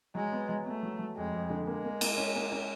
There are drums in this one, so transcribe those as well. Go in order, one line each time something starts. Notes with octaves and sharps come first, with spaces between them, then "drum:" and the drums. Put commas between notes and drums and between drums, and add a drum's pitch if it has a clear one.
F#3 G#3
B3
F#3
A3 B3
F#3
F#3
F2 G#3
F2
D3
G#3 A#3
A#3
A#3, drum: cymbal
C#4
A#3
C#4